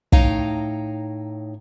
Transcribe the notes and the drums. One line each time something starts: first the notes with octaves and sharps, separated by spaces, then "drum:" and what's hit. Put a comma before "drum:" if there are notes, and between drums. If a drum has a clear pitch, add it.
A2 D#4 C#5 F5 G5 A#5, drum: kick